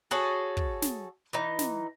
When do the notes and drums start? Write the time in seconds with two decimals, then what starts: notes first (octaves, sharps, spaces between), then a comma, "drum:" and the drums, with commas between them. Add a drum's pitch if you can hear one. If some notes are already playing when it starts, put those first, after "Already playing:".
0.11 F#4 G#4 A4 C#5
0.57 drum: kick
0.82 drum: snare
1.33 E3 D#4
1.59 drum: snare